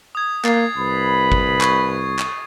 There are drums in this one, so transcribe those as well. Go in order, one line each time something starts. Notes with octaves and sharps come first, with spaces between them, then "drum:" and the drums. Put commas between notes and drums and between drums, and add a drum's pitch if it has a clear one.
D#6 G#6
A#3 A6 C7, drum: clap
C2 B4 B5
drum: kick G1
C#6 G#6, drum: clap
drum: clap